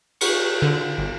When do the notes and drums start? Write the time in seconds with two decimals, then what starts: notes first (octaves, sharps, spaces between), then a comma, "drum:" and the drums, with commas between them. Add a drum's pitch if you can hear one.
0.21 C#6, drum: cymbal
0.62 D3
0.98 G1